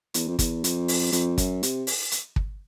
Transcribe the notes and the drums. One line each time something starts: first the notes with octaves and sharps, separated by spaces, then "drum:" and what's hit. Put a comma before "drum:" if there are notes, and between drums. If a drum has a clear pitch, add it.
E2, drum: hi-hat
F2
E2, drum: kick, hi-hat
F2, drum: hi-hat
drum: open hi-hat
F2, drum: hi-hat
F#2, drum: kick, hi-hat
C3, drum: hi-hat
drum: open hi-hat
drum: hi-hat
drum: kick